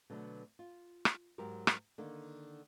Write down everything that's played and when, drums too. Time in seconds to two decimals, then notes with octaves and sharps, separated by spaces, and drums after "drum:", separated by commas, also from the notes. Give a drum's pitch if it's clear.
0.10 B2 D3 F#3 A3
0.59 F4
1.05 drum: rim click
1.38 G#2 F#3 G4 A#4 C5
1.67 drum: rim click
1.98 D3 D#3 A#3